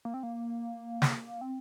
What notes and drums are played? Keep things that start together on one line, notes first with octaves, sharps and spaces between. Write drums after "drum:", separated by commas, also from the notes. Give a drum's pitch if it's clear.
A#3
C4
A#3
drum: snare
C4